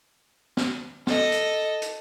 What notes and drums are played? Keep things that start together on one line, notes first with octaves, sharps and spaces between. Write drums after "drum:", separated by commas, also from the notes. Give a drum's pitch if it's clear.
drum: snare
A4 D#5, drum: snare
drum: hi-hat
drum: hi-hat